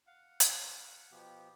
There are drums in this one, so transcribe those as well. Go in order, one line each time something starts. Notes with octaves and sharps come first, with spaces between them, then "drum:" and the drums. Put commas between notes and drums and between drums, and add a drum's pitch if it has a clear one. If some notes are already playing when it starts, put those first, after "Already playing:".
F5 F#5
drum: hi-hat
B2 F3 B3 G4